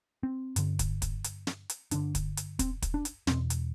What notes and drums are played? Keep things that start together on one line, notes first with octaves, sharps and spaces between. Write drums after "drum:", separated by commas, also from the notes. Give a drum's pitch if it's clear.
C4
G2 D3, drum: hi-hat
drum: kick, hi-hat
drum: kick, hi-hat
drum: hi-hat
drum: snare
drum: hi-hat
G2 D3 D4, drum: hi-hat
drum: kick, hi-hat
drum: hi-hat
C4, drum: kick, hi-hat
drum: kick, hi-hat
D4
drum: hi-hat
E2 B2 C4, drum: snare
drum: hi-hat